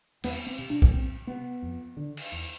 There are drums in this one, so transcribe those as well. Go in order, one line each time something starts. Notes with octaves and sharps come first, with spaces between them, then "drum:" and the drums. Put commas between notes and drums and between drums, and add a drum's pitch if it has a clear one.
E2 B3, drum: cymbal
C4
C3
D4
drum: kick
F2 C4
C3 B3
F2
D3
drum: cymbal
E2